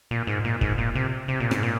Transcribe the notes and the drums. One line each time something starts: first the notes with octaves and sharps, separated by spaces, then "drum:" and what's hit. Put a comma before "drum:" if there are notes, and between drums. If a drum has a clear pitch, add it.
A#2
G#2
A#2
G#2, drum: kick
A#2
C3
C3
A#2
G#2, drum: rim click
A#2